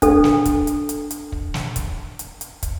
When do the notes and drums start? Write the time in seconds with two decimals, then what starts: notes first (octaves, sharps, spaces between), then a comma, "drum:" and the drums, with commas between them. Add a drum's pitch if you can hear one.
0.02 D4 A4, drum: kick, hi-hat
0.24 drum: snare
0.45 drum: kick, hi-hat
0.67 drum: hi-hat
0.89 drum: hi-hat
1.11 drum: hi-hat
1.32 drum: kick
1.54 drum: snare
1.76 drum: kick, hi-hat
2.19 drum: hi-hat
2.41 drum: hi-hat
2.63 drum: kick, hi-hat